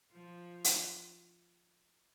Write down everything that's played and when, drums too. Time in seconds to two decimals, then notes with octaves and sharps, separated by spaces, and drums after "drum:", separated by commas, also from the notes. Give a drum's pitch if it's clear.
0.12 F3
0.64 drum: hi-hat